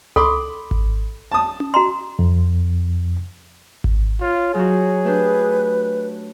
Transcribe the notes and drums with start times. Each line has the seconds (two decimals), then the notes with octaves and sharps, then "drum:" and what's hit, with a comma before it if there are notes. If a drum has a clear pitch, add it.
0.16 A4 B5 C6 D6, drum: tom C#2
0.71 drum: kick G#1
1.32 A5 D#6
1.60 drum: tom C#4
1.74 F#4 A#5 C6
2.19 F2
3.84 drum: kick G#1
4.21 F4 C#5
4.55 F#3 D#4 F#4 G#4
5.04 A3 D4 G4 B4